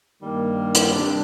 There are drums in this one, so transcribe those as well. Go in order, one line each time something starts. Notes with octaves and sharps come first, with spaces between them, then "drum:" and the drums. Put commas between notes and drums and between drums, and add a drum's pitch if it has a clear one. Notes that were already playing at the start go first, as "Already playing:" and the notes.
G2 D#3 G3 A#3
drum: hi-hat
C3 G3 D4